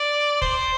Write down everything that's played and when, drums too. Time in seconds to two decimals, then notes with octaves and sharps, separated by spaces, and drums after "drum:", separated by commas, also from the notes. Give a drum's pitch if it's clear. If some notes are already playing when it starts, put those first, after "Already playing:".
Already playing: D5
0.42 C5, drum: kick